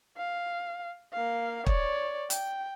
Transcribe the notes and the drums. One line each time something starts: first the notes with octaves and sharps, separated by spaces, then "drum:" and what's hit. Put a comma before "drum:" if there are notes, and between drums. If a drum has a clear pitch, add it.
F5
A#3 F5
C#5 D5, drum: kick
G5, drum: hi-hat